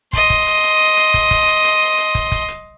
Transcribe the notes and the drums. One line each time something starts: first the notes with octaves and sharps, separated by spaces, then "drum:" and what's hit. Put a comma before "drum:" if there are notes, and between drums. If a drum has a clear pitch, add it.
D#5 C6, drum: kick, hi-hat
drum: kick, hi-hat
drum: hi-hat
drum: hi-hat
drum: hi-hat
drum: kick, hi-hat
drum: kick, hi-hat
drum: hi-hat
drum: hi-hat
drum: hi-hat
drum: kick, hi-hat
drum: kick, hi-hat
drum: hi-hat